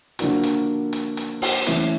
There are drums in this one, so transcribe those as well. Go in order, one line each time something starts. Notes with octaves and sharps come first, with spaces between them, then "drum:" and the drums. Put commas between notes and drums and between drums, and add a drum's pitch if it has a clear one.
D3 F3 A#3 D4 F#4, drum: hi-hat
drum: hi-hat
drum: hi-hat
drum: hi-hat
drum: open hi-hat
E3 A3 C#4 E4, drum: hi-hat